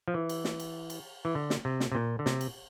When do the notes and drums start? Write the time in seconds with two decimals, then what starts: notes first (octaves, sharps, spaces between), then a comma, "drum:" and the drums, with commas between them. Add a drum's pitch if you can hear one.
0.08 F3
0.14 E3
0.29 drum: cymbal
0.45 drum: snare
0.60 drum: cymbal
0.90 drum: cymbal
1.25 E3
1.35 D3
1.50 drum: snare
1.65 C3
1.80 drum: snare
1.92 C3
1.95 A#2
2.19 D3
2.26 C3, drum: snare
2.41 drum: cymbal